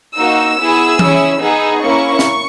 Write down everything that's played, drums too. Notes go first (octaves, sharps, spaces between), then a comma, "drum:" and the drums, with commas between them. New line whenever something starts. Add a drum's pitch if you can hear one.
A#3 D#4 F#4 E6
B3 E4 G#4
C#4 E4 G#4, drum: tom E3
B3 D#4 G#4
A#3 C#4 E4 C#6
drum: snare